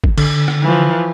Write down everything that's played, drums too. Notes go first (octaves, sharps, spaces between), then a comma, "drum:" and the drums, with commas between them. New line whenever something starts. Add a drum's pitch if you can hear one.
drum: kick
D3, drum: cymbal
drum: rim click
E3 F3